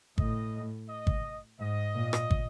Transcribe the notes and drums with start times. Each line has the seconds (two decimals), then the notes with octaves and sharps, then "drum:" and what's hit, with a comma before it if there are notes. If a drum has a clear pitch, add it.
0.18 A2 D#5, drum: kick
0.89 D#5
1.07 drum: kick
1.59 G#2 D#5
1.95 A#2
2.13 drum: rim click
2.31 drum: kick